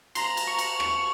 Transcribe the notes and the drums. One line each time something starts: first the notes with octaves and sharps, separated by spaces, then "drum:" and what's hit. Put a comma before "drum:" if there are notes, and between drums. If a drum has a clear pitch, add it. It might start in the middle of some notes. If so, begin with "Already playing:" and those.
A#5 C6, drum: cymbal
drum: cymbal
C#6
drum: cymbal
C#6, drum: rim click